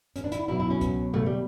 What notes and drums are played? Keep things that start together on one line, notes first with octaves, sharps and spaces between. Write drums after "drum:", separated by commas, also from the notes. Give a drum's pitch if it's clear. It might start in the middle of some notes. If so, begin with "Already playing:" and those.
C#4, drum: hi-hat
D4
E4, drum: hi-hat
B2 F#3 E4
E4
C#4
drum: kick C2, hi-hat
A3, drum: tom B2
G3